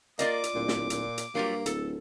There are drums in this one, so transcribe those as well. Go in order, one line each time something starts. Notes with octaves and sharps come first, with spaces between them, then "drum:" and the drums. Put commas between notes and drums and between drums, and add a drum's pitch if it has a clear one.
A#3 F4 D5 D#5 D6, drum: hi-hat
drum: hi-hat
D1 A#2
drum: snare
A#2, drum: hi-hat
drum: hi-hat
G2 F#3 A#3 F4 G4
D1 A4, drum: hi-hat